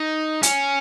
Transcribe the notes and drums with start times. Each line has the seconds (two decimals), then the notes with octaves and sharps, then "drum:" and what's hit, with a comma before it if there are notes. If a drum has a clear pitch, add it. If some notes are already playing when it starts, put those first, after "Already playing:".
Already playing: D#4
0.43 C#4, drum: hi-hat